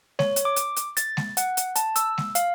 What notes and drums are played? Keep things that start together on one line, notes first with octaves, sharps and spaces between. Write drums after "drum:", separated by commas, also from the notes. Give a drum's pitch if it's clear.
C#5, drum: snare G#3
drum: hi-hat
D6
drum: hi-hat
drum: hi-hat
A6, drum: hi-hat
drum: snare G#3
F#5, drum: hi-hat
drum: hi-hat
A5, drum: hi-hat
E6, drum: hi-hat
drum: snare G#3
F5, drum: hi-hat